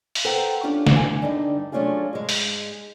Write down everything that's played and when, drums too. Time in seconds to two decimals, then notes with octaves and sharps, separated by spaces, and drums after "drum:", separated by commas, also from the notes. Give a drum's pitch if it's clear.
0.15 drum: open hi-hat
0.25 A4 B4 C5 F#5 G5 A#5
0.63 C#4 D4 F4 G4
0.87 drum: snare
0.96 G#5
1.22 G2 D3 D#4
1.72 F#3 A3 C#4 D4 F4 G#4
2.13 G#2 G#3
2.29 drum: open hi-hat